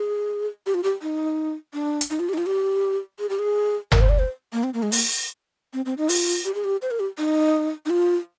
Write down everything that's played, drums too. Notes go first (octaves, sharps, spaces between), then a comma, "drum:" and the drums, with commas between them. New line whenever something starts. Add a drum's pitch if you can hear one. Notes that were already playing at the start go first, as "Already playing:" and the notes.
Already playing: G#4
G4
F4
G4
D#4
D4
drum: hi-hat
D#4
F4
G4
D#4
F4
G4
G#4
G4
G#4
A#4, drum: tom G1
C5
D5
C5
A#3
C4
A#3
G#3
A#3, drum: open hi-hat
C4
C4
D#4
F4, drum: open hi-hat
G4
G#4
G4
C5
A#4
G4
D#4
D#4
F4